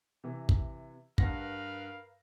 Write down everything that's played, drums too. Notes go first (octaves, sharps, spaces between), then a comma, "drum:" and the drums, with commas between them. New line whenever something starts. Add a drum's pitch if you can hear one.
C3 E3
drum: kick
G2 A#4 B4 F5 F#5 A#6, drum: kick